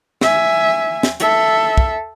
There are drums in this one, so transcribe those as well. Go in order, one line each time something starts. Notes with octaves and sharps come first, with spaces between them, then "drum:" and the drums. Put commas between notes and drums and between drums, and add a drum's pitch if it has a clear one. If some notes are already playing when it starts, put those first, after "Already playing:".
E5 G#5, drum: snare
drum: snare
A4 E5, drum: hi-hat
drum: kick